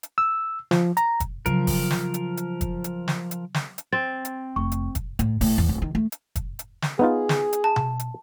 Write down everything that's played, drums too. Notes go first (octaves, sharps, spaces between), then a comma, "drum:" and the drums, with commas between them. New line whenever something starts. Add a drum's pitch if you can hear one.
drum: hi-hat
E6
F3, drum: snare
A#5, drum: hi-hat
drum: kick, hi-hat
C#3 F3 F#3 A#4, drum: hi-hat
drum: kick, open hi-hat
drum: snare
drum: hi-hat
drum: hi-hat
drum: kick, hi-hat
drum: hi-hat
drum: snare
drum: hi-hat
drum: snare
drum: hi-hat
C4 A6
drum: hi-hat
F1 C#6
drum: hi-hat
drum: kick, hi-hat
A2, drum: hi-hat
A2, drum: kick, open hi-hat
E2
D1
D#3
A3
drum: hi-hat
drum: kick, hi-hat
drum: hi-hat
drum: snare
B3 D#4 F4 G#4
drum: snare
drum: hi-hat
A5
drum: tom B2
drum: hi-hat